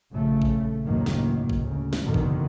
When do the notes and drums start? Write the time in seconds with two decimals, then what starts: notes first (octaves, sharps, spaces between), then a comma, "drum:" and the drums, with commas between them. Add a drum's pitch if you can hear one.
0.11 A#1 C#3 A3
0.42 drum: kick A1
0.85 F#1 D2 A2 D#3 F#3 A#3
1.06 drum: snare
1.49 drum: kick A1
1.59 D2 C#3
1.93 drum: snare
2.04 F#1 E2 B2 D3 D#3
2.14 drum: kick A1